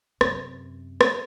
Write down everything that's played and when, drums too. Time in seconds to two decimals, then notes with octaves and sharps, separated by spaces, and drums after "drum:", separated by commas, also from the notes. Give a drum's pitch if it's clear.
0.21 F#2 C3, drum: rim click
1.01 drum: rim click